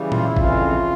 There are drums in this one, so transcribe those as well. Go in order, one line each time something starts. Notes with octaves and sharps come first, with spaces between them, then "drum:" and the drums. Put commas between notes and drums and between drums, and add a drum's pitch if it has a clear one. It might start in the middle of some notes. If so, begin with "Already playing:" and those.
Already playing: C#3 E3 G3
F4, drum: tom A#2
E4
F2 C#3 E3 F4, drum: kick G#1